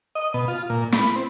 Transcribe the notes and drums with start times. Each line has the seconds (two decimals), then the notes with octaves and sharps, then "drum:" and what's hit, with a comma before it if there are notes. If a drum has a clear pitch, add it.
0.15 D#5
0.34 B2
0.48 F4
0.70 A#2
0.92 B5, drum: snare
1.16 C4